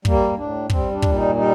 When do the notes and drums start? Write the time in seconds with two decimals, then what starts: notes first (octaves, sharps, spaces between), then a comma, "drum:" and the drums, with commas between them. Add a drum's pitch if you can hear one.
0.05 G3 A#3, drum: kick
0.37 A2 D4
0.70 G3 C4, drum: kick
0.91 D4
1.02 A#2, drum: kick
1.13 D#4
1.35 G3 D#4